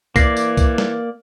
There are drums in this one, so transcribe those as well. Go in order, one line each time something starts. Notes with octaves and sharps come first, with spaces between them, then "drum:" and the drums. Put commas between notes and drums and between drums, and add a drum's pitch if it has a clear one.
E3 A#3 D5 A#6 C7, drum: kick C2, tambourine
drum: tambourine
drum: kick C2, tambourine
drum: snare